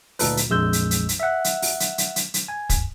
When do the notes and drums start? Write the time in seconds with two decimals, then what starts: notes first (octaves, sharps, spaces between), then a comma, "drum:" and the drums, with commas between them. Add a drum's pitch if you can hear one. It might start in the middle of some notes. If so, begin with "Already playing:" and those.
0.19 D2 A#2 D#4 A4 B4, drum: open hi-hat
0.37 drum: hi-hat
0.50 A#1 F2 G#3 E6 G6
0.73 drum: hi-hat
0.91 drum: hi-hat
1.09 drum: hi-hat
1.20 E5 F#5
1.44 drum: hi-hat
1.62 drum: open hi-hat
1.80 drum: hi-hat
1.98 drum: hi-hat
2.16 drum: hi-hat
2.34 drum: hi-hat
2.48 G#5
2.70 drum: kick, hi-hat